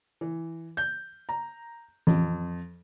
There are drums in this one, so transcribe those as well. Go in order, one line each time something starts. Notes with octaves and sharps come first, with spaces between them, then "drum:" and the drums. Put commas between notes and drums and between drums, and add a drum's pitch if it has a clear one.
E3
G6
A#5
F2, drum: tom E3